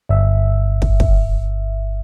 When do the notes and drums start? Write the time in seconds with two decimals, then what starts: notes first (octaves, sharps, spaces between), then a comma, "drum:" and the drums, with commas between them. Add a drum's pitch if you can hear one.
0.09 G1 E5
0.82 drum: kick
1.00 drum: kick